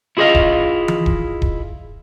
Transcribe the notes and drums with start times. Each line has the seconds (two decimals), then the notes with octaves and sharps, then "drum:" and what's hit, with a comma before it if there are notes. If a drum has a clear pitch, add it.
0.17 E4 F4 G#4 B4 D#5 F5
0.35 drum: kick D#1
0.88 drum: tom E3
1.06 drum: kick D#1
1.42 drum: kick D#1